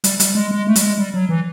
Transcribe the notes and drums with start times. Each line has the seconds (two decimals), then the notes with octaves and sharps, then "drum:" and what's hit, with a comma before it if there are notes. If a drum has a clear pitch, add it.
0.04 G3, drum: hi-hat
0.20 G3, drum: hi-hat
0.35 G#3
0.51 G#3
0.67 A3
0.76 G3, drum: hi-hat
0.82 G#3
0.98 G3
1.14 F#3
1.29 E3